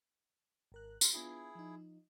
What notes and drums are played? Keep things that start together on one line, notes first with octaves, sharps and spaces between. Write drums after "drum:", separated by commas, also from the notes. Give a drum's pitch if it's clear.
G#1 A#4 F#6
A#4 C6, drum: tambourine
B3 D4 E4 F4 G#4
F3 D#4